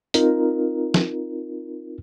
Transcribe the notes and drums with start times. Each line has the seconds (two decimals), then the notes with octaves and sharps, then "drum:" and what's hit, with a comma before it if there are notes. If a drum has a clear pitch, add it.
0.14 C4 D#4 F4 A#4, drum: hi-hat
0.94 drum: snare